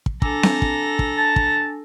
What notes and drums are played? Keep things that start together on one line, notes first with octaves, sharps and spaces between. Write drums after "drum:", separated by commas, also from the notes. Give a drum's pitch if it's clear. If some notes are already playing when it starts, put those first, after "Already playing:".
drum: kick
D4 A4 G#5 A#5 E6, drum: kick
drum: snare C4
drum: kick
drum: kick
A5
drum: kick